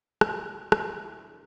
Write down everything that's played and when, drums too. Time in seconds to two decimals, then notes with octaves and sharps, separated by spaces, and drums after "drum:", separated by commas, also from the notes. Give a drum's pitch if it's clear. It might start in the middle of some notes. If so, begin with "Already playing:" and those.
0.21 E2 B2 F#3 B3 F#4, drum: rim click
0.72 drum: rim click
0.97 E3 E4
1.16 D4